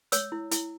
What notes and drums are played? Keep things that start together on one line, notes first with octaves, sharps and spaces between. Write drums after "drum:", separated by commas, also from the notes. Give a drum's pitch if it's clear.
C#5 E6, drum: hi-hat
E4
E4, drum: hi-hat